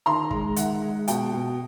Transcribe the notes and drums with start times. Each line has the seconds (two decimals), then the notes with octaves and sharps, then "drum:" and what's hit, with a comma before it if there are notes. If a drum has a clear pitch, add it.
0.06 D#3 A#5 C6
0.31 G#3, drum: kick
0.56 D#3 E5 F#5, drum: hi-hat
0.82 G#3
1.08 B2 G5 A5, drum: hi-hat
1.33 B2